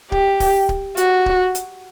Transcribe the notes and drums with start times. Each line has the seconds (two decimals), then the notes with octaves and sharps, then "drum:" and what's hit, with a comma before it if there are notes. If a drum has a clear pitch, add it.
0.12 G4, drum: kick D1
0.40 drum: kick D1, open hi-hat
0.69 drum: kick D1
0.97 F#4, drum: hi-hat
1.26 drum: kick D1
1.55 drum: hi-hat